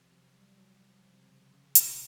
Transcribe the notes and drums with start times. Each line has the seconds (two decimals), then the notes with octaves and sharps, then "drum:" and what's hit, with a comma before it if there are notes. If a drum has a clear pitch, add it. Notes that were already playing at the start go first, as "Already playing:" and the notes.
Already playing: C3 F3
0.12 F#3
0.35 G3
0.58 F#3
0.89 F3
1.12 C3
1.21 C#3
1.53 C#3
1.75 B2, drum: hi-hat